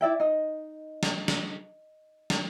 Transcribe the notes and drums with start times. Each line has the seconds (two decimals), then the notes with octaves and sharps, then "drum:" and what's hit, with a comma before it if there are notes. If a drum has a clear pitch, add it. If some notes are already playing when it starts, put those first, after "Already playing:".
0.01 E4 D5 E5 G5
0.20 D#4 D#5
1.03 drum: snare
1.28 drum: snare
2.30 drum: snare